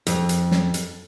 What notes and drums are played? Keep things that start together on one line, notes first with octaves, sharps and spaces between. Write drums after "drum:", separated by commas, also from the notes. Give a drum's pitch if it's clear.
F2, drum: hi-hat
drum: hi-hat
drum: snare
drum: hi-hat